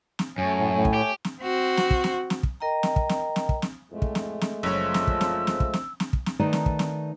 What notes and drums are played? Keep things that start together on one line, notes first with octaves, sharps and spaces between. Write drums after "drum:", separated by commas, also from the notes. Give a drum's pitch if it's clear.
drum: snare
F#2 A3 C#5 G#5
A2
A2
drum: kick
G4
drum: snare
C4 F#4
drum: snare
drum: kick
drum: snare
drum: snare
drum: kick
A#4 D#5 G5 A#5
drum: snare
drum: kick
drum: snare
drum: snare
drum: kick
drum: snare
F2 A2 G#3 A3
drum: kick
drum: snare
drum: snare
F#1 F3 C#5 E6
drum: snare
drum: kick
drum: snare
drum: snare
drum: kick
drum: snare
drum: snare
drum: kick
drum: snare
D#3 A3 D#4 B4 D5 A5
drum: snare
drum: kick
drum: snare